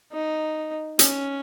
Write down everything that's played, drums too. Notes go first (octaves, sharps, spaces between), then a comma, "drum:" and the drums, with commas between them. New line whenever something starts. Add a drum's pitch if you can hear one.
D#4
C#4, drum: hi-hat